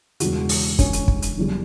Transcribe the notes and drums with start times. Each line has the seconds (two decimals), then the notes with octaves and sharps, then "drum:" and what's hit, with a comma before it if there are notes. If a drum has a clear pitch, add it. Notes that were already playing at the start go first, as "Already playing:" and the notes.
0.20 E1 E2 C#3 E3 F#4, drum: hi-hat
0.49 drum: open hi-hat
0.79 C#4, drum: kick, hi-hat
0.93 drum: hi-hat
1.08 drum: kick
1.22 drum: hi-hat
1.37 F#1 E2 C#3 G3